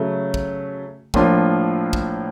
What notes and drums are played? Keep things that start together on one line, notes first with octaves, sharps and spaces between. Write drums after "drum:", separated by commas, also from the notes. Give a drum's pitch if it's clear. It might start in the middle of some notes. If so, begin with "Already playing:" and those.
Already playing: C#3 F#3 A3
drum: kick
A2 F3 A#3 D4 F4, drum: kick
drum: kick